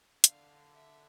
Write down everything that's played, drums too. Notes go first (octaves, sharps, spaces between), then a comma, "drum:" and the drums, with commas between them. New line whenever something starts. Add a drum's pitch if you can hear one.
D3 F5, drum: hi-hat
E5